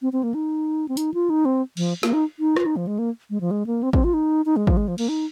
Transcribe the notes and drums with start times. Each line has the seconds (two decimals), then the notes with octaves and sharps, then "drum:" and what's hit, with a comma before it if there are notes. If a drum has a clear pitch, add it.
0.02 C4
0.13 C4
0.23 A#3
0.34 D#4
0.88 C4
0.97 D#4, drum: hi-hat
1.14 F4
1.30 D#4
1.45 C4
1.77 F3, drum: cymbal
2.03 A#3, drum: snare
2.13 D#4
2.39 D#4
2.56 F4, drum: rim click
2.66 D#4
2.76 F3
2.87 G#3
2.99 A#3
3.30 G#3
3.41 F3
3.51 G#3
3.66 A#3
3.83 C4
3.93 C4, drum: kick
4.04 F4
4.14 D#4
4.46 D#4
4.56 G#3
4.67 F3, drum: kick
4.77 G#3
4.88 F3
4.98 A#3, drum: cymbal
5.09 D#4